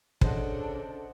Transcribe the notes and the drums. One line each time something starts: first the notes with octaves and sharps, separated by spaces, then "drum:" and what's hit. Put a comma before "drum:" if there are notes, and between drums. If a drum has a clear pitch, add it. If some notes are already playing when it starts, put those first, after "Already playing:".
C#3 D4 A4 C5 D#5 F#5, drum: kick